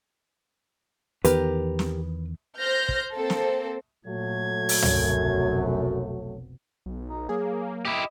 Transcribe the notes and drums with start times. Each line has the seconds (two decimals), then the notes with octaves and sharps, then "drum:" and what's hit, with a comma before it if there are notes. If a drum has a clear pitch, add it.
1.25 E2 D#3 B3 G4 A#4 B4, drum: hi-hat
1.79 drum: snare
2.59 C5 F6 G6 A#6
2.89 drum: kick
3.13 A#3 C4 A4 C5
3.30 drum: snare
4.07 A#2 F#3 A3 G#6
4.69 drum: open hi-hat
4.82 F1 B1 F#2, drum: tom
6.86 B1
7.08 D#4
7.29 F#3 A#3 G#4
7.85 E4 G4 D#5